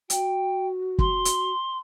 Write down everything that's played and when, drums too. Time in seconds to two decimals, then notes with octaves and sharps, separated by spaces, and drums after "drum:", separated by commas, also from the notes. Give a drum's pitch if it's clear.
0.10 F#4 G5, drum: hi-hat
0.99 C6, drum: kick
1.25 drum: hi-hat